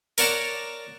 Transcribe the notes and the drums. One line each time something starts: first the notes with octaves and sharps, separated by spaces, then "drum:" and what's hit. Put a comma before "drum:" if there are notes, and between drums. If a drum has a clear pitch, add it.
A#4 C#5 D5 F#5 A5 A#5, drum: tambourine